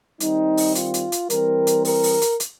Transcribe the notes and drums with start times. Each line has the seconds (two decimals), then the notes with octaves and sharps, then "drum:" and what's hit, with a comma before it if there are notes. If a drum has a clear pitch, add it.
0.20 D#3 G3 C4 D#4, drum: hi-hat
0.57 drum: open hi-hat
0.75 F4, drum: hi-hat
0.94 drum: hi-hat
1.12 drum: hi-hat
1.30 E3 G3 C4 A#4, drum: hi-hat
1.67 drum: hi-hat
1.85 A#4, drum: open hi-hat
2.03 drum: open hi-hat
2.22 drum: hi-hat
2.40 drum: hi-hat